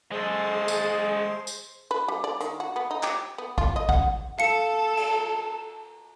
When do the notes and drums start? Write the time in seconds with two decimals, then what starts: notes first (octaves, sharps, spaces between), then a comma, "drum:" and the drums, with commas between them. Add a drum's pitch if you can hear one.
0.12 G#3 G#4 A4 C5
0.68 drum: tambourine
1.47 drum: tambourine
1.91 B4
2.08 G3
2.24 D5
2.41 D#3, drum: hi-hat
2.60 F#4
2.76 B3
2.91 D#4
3.03 G4, drum: clap
3.38 B3
3.58 F4, drum: kick A#1
3.76 D#5
3.89 F#5, drum: kick A#1
4.39 A4 F5 A5 C#7
4.97 drum: cymbal